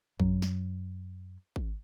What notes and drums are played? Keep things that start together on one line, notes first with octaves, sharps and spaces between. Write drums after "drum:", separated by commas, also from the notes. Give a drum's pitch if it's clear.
F#2 F#3, drum: kick G#1
drum: snare
drum: kick G#1